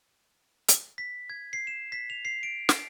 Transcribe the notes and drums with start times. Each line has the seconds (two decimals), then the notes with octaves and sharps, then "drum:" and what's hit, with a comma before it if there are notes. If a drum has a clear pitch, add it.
0.68 drum: hi-hat
0.98 B6
1.30 G#6
1.53 C7
1.67 E7
1.92 B6
2.10 F7
2.25 C7
2.43 D7
2.69 drum: snare